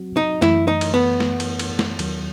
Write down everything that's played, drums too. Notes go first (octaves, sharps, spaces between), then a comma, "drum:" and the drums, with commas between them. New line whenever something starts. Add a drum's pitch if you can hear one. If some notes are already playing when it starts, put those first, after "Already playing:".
Already playing: F#3 C4 F#4
D#4
F#2 E3 A3 E4, drum: snare
D#4
drum: cymbal
B3
drum: snare
drum: cymbal
drum: cymbal
drum: snare
D#2 D#3 F#3, drum: cymbal